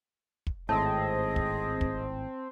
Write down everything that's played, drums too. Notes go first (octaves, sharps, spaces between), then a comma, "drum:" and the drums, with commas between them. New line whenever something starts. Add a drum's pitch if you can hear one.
drum: kick
G#1 A2 C4 G#4 D#5 A5
drum: kick
drum: kick